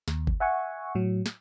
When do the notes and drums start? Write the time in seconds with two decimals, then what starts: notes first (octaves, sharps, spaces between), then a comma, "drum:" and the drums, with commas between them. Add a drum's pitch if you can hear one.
0.08 D#2, drum: snare
0.27 drum: kick G1
0.40 E5 F#5 G#5 C#6
0.95 A2 F#3
1.26 drum: snare